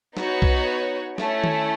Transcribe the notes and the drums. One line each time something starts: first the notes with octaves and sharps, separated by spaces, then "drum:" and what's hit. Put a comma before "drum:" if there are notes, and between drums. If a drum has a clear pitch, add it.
B3 D#4 F#4 C#5, drum: snare
drum: kick B1
A3 C#4 E4, drum: snare
drum: tom D#3